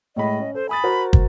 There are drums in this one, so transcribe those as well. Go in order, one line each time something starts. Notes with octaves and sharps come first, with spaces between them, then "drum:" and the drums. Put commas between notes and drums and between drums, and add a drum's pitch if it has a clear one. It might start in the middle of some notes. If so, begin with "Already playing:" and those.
A2 G#3 D#5 B5
C#4
A4 C5
G#5 B5 D#6 A6
F#4 A#4 C5
drum: kick